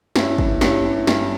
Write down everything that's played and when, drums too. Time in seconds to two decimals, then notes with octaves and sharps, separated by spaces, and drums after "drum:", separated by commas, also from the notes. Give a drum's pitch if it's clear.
0.16 G2 G3 C#4 E4, drum: snare
0.38 drum: kick
0.61 G2 G3 C#4 E4, drum: snare
1.07 G2 G3 C#4 E4, drum: snare